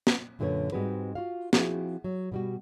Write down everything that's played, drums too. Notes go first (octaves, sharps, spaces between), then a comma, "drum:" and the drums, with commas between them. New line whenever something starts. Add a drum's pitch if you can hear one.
drum: snare
F#2 A#2 D3 F#4 B4 C#5
G#2 G3 G#3 C4 F#4 B4
F4 F#4 F5
F3 C4 E4 F#4 G#4, drum: snare
F#3
B2 G3 F#4